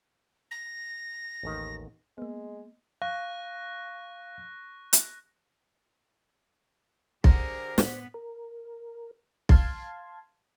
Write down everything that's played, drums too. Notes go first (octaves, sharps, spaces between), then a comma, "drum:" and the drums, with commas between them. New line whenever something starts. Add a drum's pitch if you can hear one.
A#6
A1 D#2 D#3
G#3 A#3 B3
F5 C#6 F#6 A#6
drum: hi-hat
D3 G4 G#4 A#4 C5, drum: kick B1
A2 B3 B4, drum: snare
A#4
F5 A5 C6 G#6, drum: kick B1